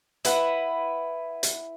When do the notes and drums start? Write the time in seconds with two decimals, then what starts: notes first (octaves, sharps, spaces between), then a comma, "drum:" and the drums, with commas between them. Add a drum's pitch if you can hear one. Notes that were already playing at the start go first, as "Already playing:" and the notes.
0.25 E4 B4 F#5, drum: hi-hat
1.43 drum: hi-hat